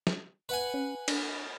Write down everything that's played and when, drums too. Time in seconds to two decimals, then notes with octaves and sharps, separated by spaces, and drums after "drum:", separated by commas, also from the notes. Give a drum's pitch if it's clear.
0.07 drum: snare
0.49 B4 F#5 G#5
0.74 C#4
1.08 D4, drum: cymbal